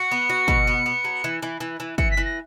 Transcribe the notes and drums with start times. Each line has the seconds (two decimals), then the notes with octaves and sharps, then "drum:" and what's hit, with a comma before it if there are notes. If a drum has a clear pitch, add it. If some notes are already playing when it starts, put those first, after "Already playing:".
Already playing: F#4 C#7
0.11 B3
0.29 F#4
0.48 B2, drum: kick
0.67 B3
0.86 B3
1.04 F#3
1.24 E3
1.42 E3
1.60 E3
1.80 E3
1.98 E3 C#7, drum: kick
2.11 B6
2.17 E3
2.25 A#6